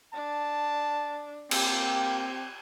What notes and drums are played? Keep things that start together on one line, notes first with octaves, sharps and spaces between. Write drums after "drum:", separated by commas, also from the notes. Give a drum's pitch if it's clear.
D4 A5
A#3 C4 G4, drum: cymbal